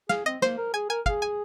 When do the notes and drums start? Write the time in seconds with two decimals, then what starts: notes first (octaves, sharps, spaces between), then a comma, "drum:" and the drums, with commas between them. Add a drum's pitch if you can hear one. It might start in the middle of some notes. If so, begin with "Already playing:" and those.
0.09 G#4 F5, drum: snare
0.26 C4 D#5
0.42 A#3 C5, drum: snare
0.58 A#4
0.74 G#4 G#5
0.89 A#4 G#5
1.06 G#4 F5, drum: kick
1.22 G#5